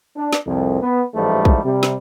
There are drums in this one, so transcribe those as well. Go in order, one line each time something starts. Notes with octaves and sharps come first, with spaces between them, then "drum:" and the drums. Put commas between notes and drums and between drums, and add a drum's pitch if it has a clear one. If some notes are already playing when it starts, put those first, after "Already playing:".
D4
drum: snare
C2 F2
B3
A1 G#2 E3 F3 G3 A3
drum: kick
C3 G3
drum: snare